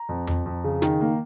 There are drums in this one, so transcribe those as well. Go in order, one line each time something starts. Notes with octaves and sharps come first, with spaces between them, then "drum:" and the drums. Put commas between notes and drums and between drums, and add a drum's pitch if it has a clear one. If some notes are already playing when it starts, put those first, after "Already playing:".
Already playing: A#5
F2
F2, drum: tom E2
F2
C#3
D#3, drum: snare
A#3